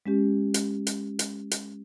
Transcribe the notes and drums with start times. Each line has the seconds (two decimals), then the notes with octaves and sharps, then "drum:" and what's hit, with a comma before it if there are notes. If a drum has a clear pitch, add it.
0.06 G#3 C#4 G4
0.54 drum: hi-hat
0.87 drum: hi-hat
1.19 drum: hi-hat
1.51 drum: hi-hat